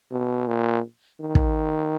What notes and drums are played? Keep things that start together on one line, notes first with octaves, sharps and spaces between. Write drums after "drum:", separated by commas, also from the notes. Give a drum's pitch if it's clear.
B2
A#2
D#3
drum: kick